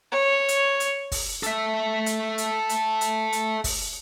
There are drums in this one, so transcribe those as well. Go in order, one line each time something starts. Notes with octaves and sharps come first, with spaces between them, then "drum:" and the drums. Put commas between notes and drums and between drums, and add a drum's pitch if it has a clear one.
C#5
drum: hi-hat
drum: hi-hat
drum: kick, open hi-hat
A4 E5, drum: hi-hat
drum: hi-hat
drum: hi-hat
drum: hi-hat
drum: hi-hat
drum: hi-hat
drum: kick, open hi-hat